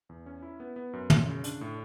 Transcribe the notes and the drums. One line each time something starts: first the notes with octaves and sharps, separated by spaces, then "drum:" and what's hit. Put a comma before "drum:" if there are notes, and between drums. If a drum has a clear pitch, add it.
E2
C#4
E4
B3
B3
F#2
F#2, drum: tom
C#3
D4, drum: hi-hat
A2